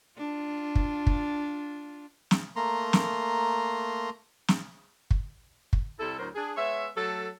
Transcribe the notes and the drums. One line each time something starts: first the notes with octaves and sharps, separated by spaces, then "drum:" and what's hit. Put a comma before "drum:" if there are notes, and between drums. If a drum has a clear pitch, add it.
D4 F4
drum: kick
drum: kick
drum: snare
A3 A#3 A#5 C6
drum: snare
drum: snare
drum: kick
drum: kick
C3 G3 E4 A4
D2 A2 F#3 A#4 C5
D4 G#4
G#3 B3 C#5 E5
F#3 A3 A4